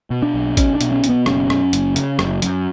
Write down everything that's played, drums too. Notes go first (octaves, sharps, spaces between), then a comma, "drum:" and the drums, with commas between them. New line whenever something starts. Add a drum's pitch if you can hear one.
B2
D4
B1
B1 C#4, drum: kick, hi-hat
D4
B2, drum: hi-hat
C#4
B2, drum: hi-hat
B3
F#1 C#4, drum: rim click
F#2, drum: rim click
F#1, drum: hi-hat
C#3, drum: hi-hat
F#1, drum: rim click
F#2, drum: hi-hat